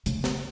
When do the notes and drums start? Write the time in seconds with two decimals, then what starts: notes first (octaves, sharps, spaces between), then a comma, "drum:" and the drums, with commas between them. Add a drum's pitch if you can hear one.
0.06 C#3, drum: hi-hat
0.24 drum: snare